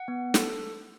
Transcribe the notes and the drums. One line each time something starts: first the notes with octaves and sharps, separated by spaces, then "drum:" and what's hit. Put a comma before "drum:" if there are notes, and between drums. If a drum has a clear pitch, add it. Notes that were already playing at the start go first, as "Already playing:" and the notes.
Already playing: F#5
B3
A4, drum: snare